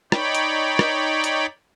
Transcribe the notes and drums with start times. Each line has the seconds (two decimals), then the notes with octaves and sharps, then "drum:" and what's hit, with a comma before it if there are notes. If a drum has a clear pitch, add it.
0.12 D#4 C#5 D5 G5 B5, drum: rim click
0.35 drum: hi-hat
0.79 drum: rim click
1.24 drum: hi-hat